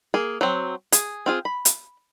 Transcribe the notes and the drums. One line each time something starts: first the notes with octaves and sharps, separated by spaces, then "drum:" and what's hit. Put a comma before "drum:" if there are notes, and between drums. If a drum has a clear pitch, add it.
A#3 G#4
F#3 C4
G#4, drum: hi-hat
C4 F4 G#4
B5
drum: hi-hat